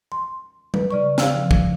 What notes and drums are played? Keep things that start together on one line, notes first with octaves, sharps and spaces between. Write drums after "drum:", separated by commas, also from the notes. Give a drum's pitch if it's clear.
C6
B4, drum: tom G3
C#3 D5 C#6
F5 E6 F6, drum: snare
F3
drum: kick